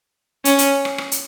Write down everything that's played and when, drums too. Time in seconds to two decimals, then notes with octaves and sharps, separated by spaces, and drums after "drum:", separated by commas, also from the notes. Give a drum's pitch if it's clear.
0.45 C#4, drum: hi-hat
0.58 drum: hi-hat
0.85 drum: rim click
0.98 drum: rim click
1.12 drum: hi-hat